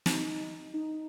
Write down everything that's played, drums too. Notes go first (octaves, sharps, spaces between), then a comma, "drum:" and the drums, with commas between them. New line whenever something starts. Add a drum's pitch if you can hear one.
D#4, drum: snare
D#4